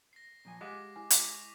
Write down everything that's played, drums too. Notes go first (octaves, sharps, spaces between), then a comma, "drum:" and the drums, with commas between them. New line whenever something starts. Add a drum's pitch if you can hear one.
A#6 C7
A#2 F3 G#5
G#3 G4 D#5 F5 F#5 D6
E4 G#5
B6, drum: hi-hat
C#6 F7